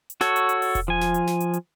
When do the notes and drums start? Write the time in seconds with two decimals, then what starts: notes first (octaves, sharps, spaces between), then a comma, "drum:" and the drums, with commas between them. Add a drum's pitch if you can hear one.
0.10 drum: hi-hat
0.21 F#4 A4 C#5, drum: snare
0.36 drum: hi-hat
0.49 drum: hi-hat
0.62 drum: open hi-hat
0.75 drum: kick E1, hi-hat
0.88 F3 G#5
1.01 drum: snare
1.14 drum: hi-hat
1.27 drum: snare
1.40 drum: hi-hat
1.54 drum: hi-hat